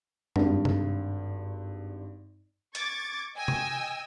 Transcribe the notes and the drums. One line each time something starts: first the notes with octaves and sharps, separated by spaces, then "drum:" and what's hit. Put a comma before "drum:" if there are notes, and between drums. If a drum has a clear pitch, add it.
G#1 G2, drum: tom
drum: tom C3
C#6 D6 G#6 A6, drum: hi-hat
D#5 G5 G#5 E6
drum: tom C3